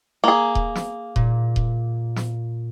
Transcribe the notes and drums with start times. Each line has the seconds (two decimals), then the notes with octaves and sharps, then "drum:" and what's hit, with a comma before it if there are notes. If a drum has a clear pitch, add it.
0.24 A#3 G#4
0.55 drum: kick D#1
0.75 drum: snare
1.16 A#2, drum: kick D#1
1.56 drum: kick D#1
2.16 drum: snare